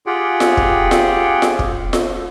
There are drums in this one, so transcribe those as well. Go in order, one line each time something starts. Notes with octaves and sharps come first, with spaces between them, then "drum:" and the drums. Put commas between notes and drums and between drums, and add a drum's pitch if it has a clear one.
F4 G4 G#4 F#5 G5
drum: snare F4
drum: kick
drum: snare F4
drum: snare F4
drum: kick
drum: snare F4